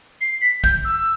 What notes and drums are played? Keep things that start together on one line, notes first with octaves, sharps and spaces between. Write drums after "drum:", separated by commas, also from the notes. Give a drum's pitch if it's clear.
C7
B6
G6, drum: kick
E6